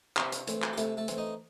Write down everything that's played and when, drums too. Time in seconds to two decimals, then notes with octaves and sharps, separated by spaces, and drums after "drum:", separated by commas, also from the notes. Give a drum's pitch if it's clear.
0.17 C3, drum: clap
0.32 drum: hi-hat
0.47 E3 A3 C4, drum: hi-hat
0.62 drum: clap
0.73 G4
0.77 C3 A3 A4, drum: hi-hat
0.97 A3 A4
1.08 E3 A3 C4, drum: hi-hat
1.18 D#4 D#5